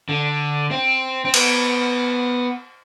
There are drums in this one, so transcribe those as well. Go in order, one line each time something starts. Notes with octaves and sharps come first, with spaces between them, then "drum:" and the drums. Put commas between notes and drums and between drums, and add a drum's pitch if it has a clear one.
D3
C4
C4
B3, drum: cymbal